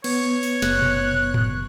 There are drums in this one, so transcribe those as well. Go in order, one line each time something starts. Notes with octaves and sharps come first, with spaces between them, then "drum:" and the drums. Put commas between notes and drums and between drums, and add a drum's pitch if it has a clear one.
B3 C#5, drum: cymbal
drum: open hi-hat
F#1 F#6, drum: snare
drum: tom A#2
drum: tom A2